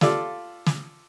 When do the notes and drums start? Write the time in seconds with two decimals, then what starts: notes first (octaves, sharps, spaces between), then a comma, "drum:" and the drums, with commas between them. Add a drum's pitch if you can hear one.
0.01 F4 G4 A4 D5 F5, drum: snare
0.66 drum: snare